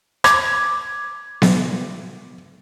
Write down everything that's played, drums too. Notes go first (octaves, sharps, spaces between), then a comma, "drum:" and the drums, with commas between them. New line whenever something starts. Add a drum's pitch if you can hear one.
D6 G#6, drum: rim click
drum: snare B3